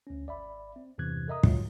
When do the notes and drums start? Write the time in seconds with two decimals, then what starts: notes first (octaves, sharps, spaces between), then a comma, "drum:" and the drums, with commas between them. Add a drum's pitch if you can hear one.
0.07 D2 C#4
0.27 G#1 D5 E5 B5
0.76 C4
0.98 E2 G2 C3 E3 F#6 G#6
1.28 A4 A#4 D#5 E5 A#5 D#6
1.43 F#3 G#3 F4, drum: kick